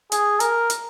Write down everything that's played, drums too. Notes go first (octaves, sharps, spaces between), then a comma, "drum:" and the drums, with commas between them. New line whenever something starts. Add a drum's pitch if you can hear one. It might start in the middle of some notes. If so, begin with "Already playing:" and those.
G#4, drum: hi-hat
A#4, drum: hi-hat
drum: hi-hat